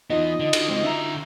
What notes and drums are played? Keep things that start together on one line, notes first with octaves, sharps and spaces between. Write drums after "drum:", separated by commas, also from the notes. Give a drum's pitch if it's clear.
E3 B3 D#4 F4 D#5
D3
D3, drum: cymbal
C#2 G#3 C4
D3 E5 A#5